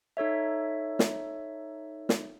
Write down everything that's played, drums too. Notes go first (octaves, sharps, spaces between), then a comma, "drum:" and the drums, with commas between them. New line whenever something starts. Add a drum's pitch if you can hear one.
D#4 A4 C#5 E5
drum: snare
drum: snare